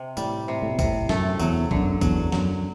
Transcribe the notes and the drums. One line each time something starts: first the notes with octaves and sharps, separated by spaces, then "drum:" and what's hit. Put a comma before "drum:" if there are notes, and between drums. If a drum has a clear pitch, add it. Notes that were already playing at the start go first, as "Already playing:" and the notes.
Already playing: C3
A2 G3, drum: tambourine
C3
A2
B2
A2 C3, drum: kick, tambourine
F#2 A3, drum: snare
E2 F#3, drum: tambourine
F#2 D3, drum: kick
E2 F#3, drum: kick, tambourine
F#2 F#3, drum: snare